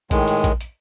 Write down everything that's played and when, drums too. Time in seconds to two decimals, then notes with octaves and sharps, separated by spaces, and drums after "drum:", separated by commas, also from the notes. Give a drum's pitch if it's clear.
0.11 A2 D#3 G#3, drum: kick, hi-hat
0.28 drum: open hi-hat
0.44 drum: kick, hi-hat
0.61 drum: hi-hat